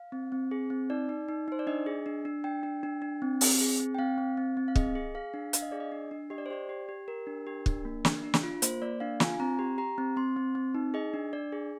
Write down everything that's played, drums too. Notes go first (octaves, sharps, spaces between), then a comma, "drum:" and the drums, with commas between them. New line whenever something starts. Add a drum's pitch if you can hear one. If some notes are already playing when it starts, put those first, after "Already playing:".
Already playing: F5
C4
C4
G#4
C4
D#4 D5
D#4
D#4
D#4 C5
D5
D4 D#5
G#4
D4
D4
D4 G5
D4
D4
D4
C4
C4, drum: open hi-hat
G#4
C4
G5
C4 F5
C4
C4
C4
F5
G#4 D#5, drum: kick
G#4
G#4 F5
D4
D4 F5, drum: hi-hat
D#5
G#4 D5
D#5
D4
D4
G4 D#5
D5
C5
G4 D5
G4
G4
G4 A#4
D4
G4
D4, drum: kick
A#3
D4, drum: snare
D4
drum: snare
F4
A#3 C5, drum: hi-hat
A#3 D5
D4 F5
F4 G#5, drum: snare
C4 A#5
G4
G4 A#5
C4
C4 C6
C4
C4
D#4
G#4 D#5
D4
D4 D5
G#4